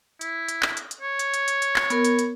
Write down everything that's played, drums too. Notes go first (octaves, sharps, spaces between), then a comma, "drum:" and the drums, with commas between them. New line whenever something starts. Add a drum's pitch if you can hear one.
E4, drum: hi-hat
drum: hi-hat
drum: clap
drum: hi-hat
drum: hi-hat
C#5
drum: hi-hat
drum: hi-hat
drum: hi-hat
drum: hi-hat
drum: clap
B3 A#4, drum: hi-hat
drum: hi-hat
drum: hi-hat